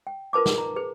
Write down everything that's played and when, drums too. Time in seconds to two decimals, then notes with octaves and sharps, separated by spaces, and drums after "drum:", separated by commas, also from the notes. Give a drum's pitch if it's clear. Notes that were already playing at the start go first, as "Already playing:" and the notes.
0.07 G5
0.33 F4 A#4 B4 A5 D6
0.46 drum: snare
0.58 A#5
0.76 G#4 B4